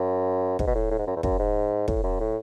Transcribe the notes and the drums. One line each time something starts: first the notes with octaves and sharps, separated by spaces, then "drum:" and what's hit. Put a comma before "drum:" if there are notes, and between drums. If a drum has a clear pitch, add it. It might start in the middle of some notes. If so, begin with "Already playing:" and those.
Already playing: F#2
G#2, drum: kick
B2
A2
A2
G#2
F#2
E2
F#2, drum: kick
G#2
A2, drum: kick
F#2
A2